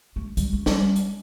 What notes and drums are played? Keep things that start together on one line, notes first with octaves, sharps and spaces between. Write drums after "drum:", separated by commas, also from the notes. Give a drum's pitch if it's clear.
A3
G3, drum: kick C2, hi-hat
A3
G3, drum: snare
drum: hi-hat